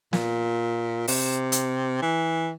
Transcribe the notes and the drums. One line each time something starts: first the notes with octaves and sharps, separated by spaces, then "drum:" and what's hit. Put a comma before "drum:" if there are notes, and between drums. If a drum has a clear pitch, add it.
A#2, drum: snare
C3, drum: open hi-hat
drum: hi-hat
E3